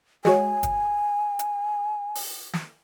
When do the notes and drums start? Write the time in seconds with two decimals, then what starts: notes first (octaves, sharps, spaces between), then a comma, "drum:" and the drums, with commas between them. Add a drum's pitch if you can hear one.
0.25 G#3 F#4 C#5 G#5, drum: snare
0.63 drum: kick, hi-hat
1.39 drum: hi-hat
2.15 drum: open hi-hat
2.53 drum: snare